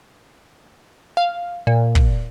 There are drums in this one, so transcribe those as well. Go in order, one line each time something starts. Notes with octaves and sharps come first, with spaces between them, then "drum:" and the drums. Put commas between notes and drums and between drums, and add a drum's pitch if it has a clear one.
F5
A#2
drum: kick